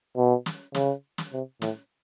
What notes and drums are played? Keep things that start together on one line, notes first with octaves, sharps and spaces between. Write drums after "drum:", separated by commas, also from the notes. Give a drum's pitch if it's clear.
B2
drum: snare
C#3, drum: snare
drum: snare
C3
A2, drum: snare